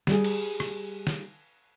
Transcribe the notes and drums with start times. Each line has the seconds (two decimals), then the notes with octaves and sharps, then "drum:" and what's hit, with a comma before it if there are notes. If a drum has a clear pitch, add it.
0.07 G3 G#4, drum: snare
0.24 drum: cymbal
0.60 drum: rim click
1.07 drum: snare